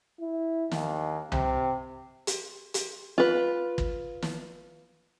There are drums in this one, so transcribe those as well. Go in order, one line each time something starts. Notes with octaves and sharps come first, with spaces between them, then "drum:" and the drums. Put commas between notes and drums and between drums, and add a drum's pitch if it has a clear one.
E4
D#2, drum: snare
C3, drum: tom C2
drum: hi-hat
drum: hi-hat
F4 B4
drum: kick
drum: snare